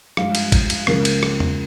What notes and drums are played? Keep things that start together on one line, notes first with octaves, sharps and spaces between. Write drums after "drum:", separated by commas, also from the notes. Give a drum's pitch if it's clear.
G2 F3 G#3 F5, drum: rim click
drum: cymbal
drum: kick A1, cymbal
drum: cymbal
C#2 C#3 F3 A#3 A#4, drum: rim click
drum: cymbal
drum: rim click
drum: tom E2